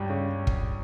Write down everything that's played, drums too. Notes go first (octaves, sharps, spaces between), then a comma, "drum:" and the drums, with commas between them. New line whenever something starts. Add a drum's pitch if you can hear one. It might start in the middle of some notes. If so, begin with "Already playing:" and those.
Already playing: C#2 G2 G3
C#3
drum: kick